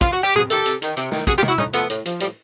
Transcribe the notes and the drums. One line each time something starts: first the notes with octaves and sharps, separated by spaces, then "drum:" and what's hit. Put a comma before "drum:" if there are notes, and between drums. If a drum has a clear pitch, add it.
F4, drum: kick, hi-hat
F#4
G4
C3 F#4 G#4, drum: tom
D#3 G4 A4, drum: hi-hat
C3, drum: hi-hat
D#3, drum: hi-hat
C3, drum: hi-hat
D#3, drum: snare
C3 F#4 G#4, drum: kick, hi-hat
F4 G4
D#3, drum: tom
E4 F#4
A2 C#4 D#4, drum: tom
F3 A3 B3, drum: hi-hat
A2, drum: hi-hat
F3, drum: hi-hat
A2 F3 G3, drum: hi-hat